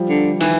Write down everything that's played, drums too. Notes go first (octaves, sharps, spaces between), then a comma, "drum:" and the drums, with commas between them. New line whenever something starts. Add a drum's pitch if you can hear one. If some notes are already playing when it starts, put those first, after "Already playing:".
Already playing: F3 G3
D3
D#3 E3, drum: open hi-hat